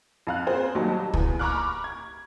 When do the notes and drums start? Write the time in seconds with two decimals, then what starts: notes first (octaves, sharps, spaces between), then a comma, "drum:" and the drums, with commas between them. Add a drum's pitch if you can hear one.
0.27 F2 F5 F#6
0.47 C4 F4 G#4 C5
0.75 D#2 F#3 G3 F#4 D#5 A5
1.13 E2, drum: kick
1.39 A#5 B5 C#6 D6 F6 F#6
1.84 G#6